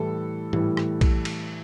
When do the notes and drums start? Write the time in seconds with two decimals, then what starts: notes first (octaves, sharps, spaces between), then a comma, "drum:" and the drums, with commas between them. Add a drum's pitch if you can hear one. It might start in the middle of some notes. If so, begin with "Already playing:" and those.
Already playing: A2 E3 G3 A4
0.53 A2 E3 G3, drum: tom G#2
0.77 drum: rim click
1.01 drum: kick A#1, cymbal
1.25 drum: cymbal